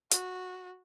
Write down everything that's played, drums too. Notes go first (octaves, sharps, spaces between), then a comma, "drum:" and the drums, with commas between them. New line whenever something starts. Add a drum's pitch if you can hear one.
F#4, drum: hi-hat